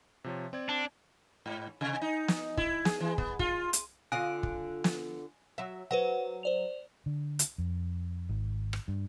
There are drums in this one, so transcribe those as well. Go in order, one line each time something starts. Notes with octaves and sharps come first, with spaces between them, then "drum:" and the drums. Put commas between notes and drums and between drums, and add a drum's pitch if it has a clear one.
C3 F3 C#5
C4 D5 G#6
D4
G#2
C3
D#4
drum: snare
E4, drum: kick
G#4, drum: snare
E3
B3, drum: kick
F4, drum: kick
drum: hi-hat
D3 F4 D#5 G#5 F#6 D7
drum: kick
drum: snare
F#3 E5
F#3 B4 C5 F#5
C5 D5 F7
D3
drum: hi-hat
F2
G#1
drum: rim click
G2